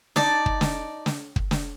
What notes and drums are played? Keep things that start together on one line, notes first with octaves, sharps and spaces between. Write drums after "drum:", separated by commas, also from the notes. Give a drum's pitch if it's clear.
D#4 D5 A5, drum: snare
drum: kick
drum: snare
drum: snare
drum: kick
drum: snare